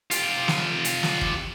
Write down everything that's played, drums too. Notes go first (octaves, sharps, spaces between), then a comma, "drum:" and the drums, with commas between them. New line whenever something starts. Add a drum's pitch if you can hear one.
F4 G4, drum: hi-hat
drum: snare
drum: hi-hat
drum: snare
drum: kick